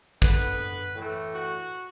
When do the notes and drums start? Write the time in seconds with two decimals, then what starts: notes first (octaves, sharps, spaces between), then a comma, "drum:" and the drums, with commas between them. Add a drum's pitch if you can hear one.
0.22 D3 B3 B4, drum: kick
0.96 A2 E3 A3
1.33 F#4